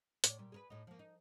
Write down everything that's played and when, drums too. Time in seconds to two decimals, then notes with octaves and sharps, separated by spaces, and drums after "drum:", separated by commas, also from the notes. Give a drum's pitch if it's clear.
0.24 A2 C#5 D5, drum: hi-hat
0.38 A#2 G3
0.52 G#4 A#4 B4
0.70 A2 D#4
0.87 F3 A#3
0.99 D#4